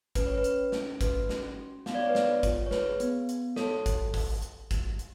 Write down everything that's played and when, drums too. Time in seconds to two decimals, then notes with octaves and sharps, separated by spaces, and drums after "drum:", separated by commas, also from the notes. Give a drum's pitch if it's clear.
0.15 C#4 B4, drum: kick, hi-hat
0.27 C#5
0.38 B4
0.44 C#4, drum: hi-hat
0.72 C#4, drum: snare
1.01 F#4 B4, drum: kick, hi-hat
1.29 C#4, drum: snare
1.58 F#4
1.86 B3 F5, drum: snare
1.94 D5
2.01 C#5
2.09 B4 D5
2.15 B3, drum: snare
2.43 F4, drum: kick, hi-hat
2.66 C#5
2.71 G#4 B4, drum: snare
3.00 B3, drum: hi-hat
3.29 B3, drum: hi-hat
3.56 F#4 A4 C#5, drum: snare
3.86 A4, drum: kick, hi-hat
4.14 drum: kick, open hi-hat
4.42 drum: hi-hat
4.71 drum: kick, hi-hat
4.99 drum: hi-hat